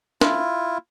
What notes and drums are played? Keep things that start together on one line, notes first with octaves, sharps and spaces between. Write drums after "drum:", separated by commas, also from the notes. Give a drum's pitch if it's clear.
E4 F4, drum: snare